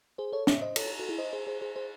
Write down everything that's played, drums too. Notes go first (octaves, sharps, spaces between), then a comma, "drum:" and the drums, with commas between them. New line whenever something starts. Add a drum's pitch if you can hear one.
G#4 C5
A4 C#5
C#5 E5, drum: snare
C5 D#5
A4 C#5, drum: cymbal
F#4 A4
E4 G#4
C5 D#5
G#4 C5
G#4 C5
G#4 C5
G#4 C5